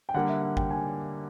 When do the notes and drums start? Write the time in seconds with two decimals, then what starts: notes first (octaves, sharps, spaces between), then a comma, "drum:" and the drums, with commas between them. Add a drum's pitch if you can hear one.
0.09 G5
0.14 D3 G3 A#3 F#5
0.29 E5
0.43 F#5
0.57 G5, drum: kick G#1
0.71 G#5